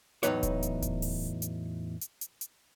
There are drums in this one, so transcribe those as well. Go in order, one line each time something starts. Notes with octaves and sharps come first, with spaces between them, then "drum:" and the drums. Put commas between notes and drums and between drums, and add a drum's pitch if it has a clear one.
E2 A2 F#3 D#4 B4 C#5, drum: hi-hat
drum: kick D#1, hi-hat
drum: hi-hat
drum: kick D#1, hi-hat
drum: open hi-hat
drum: hi-hat
drum: hi-hat
drum: hi-hat
drum: hi-hat